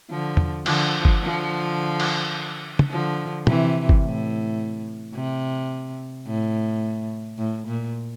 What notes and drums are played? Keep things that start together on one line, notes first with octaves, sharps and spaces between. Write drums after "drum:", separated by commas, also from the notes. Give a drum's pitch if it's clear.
D3 F3
drum: tom
D3 F3, drum: cymbal
drum: kick G1
D3 F3
drum: cymbal
drum: tom
D3 F3
C3 E3, drum: tom
drum: kick G1
A2
C3
A2
A2
A#2